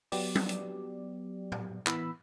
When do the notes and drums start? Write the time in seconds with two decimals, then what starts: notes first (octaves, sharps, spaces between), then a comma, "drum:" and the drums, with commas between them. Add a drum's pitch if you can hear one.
0.12 F#3 B3 G4 D5, drum: open hi-hat
0.35 drum: tom
0.49 drum: hi-hat
1.52 drum: tom A2
1.87 E3 B3 B5 E6, drum: clap